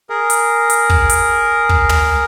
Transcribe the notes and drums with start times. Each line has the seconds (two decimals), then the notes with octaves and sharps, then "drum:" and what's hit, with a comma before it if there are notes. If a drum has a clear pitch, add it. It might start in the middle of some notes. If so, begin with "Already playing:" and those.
0.10 G#4 A#4
0.30 drum: hi-hat
0.70 drum: hi-hat
0.90 drum: kick
1.09 drum: hi-hat
1.69 drum: kick
1.89 drum: tom